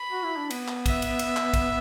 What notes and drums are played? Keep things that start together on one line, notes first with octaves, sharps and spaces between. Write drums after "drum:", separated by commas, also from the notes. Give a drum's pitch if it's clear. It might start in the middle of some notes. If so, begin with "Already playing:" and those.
Already playing: B5
F#4
E4
D4
B3, drum: cymbal
drum: clap
E5, drum: kick, cymbal
drum: cymbal
drum: cymbal
drum: clap
drum: kick, cymbal